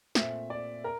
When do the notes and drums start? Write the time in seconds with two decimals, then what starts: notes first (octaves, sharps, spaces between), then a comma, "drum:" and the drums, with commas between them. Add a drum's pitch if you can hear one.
0.15 A#2 A3 C4 E5, drum: snare
0.50 D5
0.84 A#4